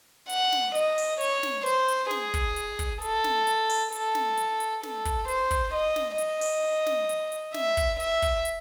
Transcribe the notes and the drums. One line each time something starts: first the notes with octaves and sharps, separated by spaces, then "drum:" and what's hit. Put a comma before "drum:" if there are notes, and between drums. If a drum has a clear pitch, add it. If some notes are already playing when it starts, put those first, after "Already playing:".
F#5, drum: hi-hat
drum: snare
D#5, drum: hi-hat
drum: open hi-hat
C#5, drum: hi-hat
drum: snare
C5, drum: hi-hat
drum: hi-hat
G#4, drum: snare
drum: kick, hi-hat
drum: hi-hat
drum: kick, hi-hat
A4, drum: hi-hat
drum: snare
drum: hi-hat
drum: open hi-hat
A4, drum: hi-hat
drum: snare
drum: hi-hat
drum: hi-hat
A4, drum: snare
drum: kick, hi-hat
C5, drum: hi-hat
drum: kick, hi-hat
D#5
drum: snare
D#5, drum: hi-hat
drum: open hi-hat
drum: snare
drum: hi-hat
drum: hi-hat
E5, drum: snare
drum: kick, hi-hat
E5, drum: hi-hat
drum: kick, hi-hat
drum: hi-hat